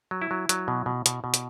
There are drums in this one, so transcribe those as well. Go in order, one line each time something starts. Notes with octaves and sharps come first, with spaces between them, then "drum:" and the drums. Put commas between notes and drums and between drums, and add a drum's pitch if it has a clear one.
F#3
E4
F#3
F#3, drum: hi-hat
B2
B2
B2, drum: hi-hat
B2
drum: hi-hat